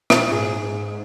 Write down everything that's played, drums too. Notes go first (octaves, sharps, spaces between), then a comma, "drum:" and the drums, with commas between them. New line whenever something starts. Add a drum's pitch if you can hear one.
A#2, drum: rim click
G#2 G#4